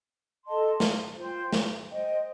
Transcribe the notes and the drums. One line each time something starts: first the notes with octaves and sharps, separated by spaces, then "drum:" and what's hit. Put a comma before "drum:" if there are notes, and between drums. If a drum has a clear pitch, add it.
A4 D#5 A5 C6
drum: snare
F4 C5 G5 C6
drum: snare
C5 D#5 G5